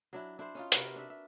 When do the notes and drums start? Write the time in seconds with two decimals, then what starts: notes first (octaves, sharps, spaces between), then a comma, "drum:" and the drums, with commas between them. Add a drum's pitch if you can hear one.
0.13 F#3 D4 E4
0.39 D4 E4 C5
0.55 C#4 D#4 F4
0.72 C3 F#4 A#4 B4, drum: hi-hat
0.96 D4 E5
1.10 E5